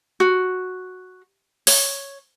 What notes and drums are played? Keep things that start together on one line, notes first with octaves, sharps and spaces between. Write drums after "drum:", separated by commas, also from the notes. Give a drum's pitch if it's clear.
F#4
C#5, drum: open hi-hat